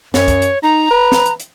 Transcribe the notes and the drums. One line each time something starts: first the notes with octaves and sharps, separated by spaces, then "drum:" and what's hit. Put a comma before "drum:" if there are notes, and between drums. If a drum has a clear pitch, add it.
F#2 C#5, drum: snare
drum: kick, hi-hat
drum: hi-hat
D#4 A#5
B4
drum: snare
drum: hi-hat
drum: hi-hat